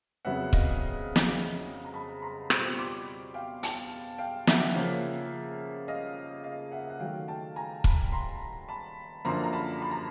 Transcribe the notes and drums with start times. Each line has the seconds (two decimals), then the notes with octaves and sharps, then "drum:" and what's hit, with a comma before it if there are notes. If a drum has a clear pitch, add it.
0.25 F2 C#3 F#3 B3 E5 F#5
0.53 D#5 F5, drum: kick
1.16 drum: snare
1.85 A#5
1.94 A5 B5
2.22 A#5 C6
2.50 B2 G3 C4 F4 B5 C#6, drum: rim click
2.78 C6 D6
3.34 F5 G5
3.63 G5 A5, drum: hi-hat
4.18 F5 G5
4.47 E5 F#5, drum: snare
4.75 C#3 F3 A#3 C#4
5.88 D#5 F5
6.44 D#5 F5
6.72 E5 F#5
6.90 F#5
7.00 D#3 F#3 A3 F5 G5
7.28 G5 A5
7.56 G#5 A#5
7.84 A5 B5, drum: kick
8.12 A#5 C6
8.69 A5 B5
9.25 F#2 D3 F3 A#3 A#5 C6
9.44 A#5
9.53 A5 B5
9.82 B5
9.91 A#5